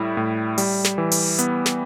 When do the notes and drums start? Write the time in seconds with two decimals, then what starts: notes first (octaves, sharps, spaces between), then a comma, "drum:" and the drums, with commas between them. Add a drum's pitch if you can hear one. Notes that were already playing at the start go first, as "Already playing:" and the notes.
Already playing: A2 G3 E4
0.17 A2
0.58 G3, drum: open hi-hat
0.84 drum: snare
0.98 E3
1.12 drum: open hi-hat
1.39 B3, drum: hi-hat
1.66 drum: snare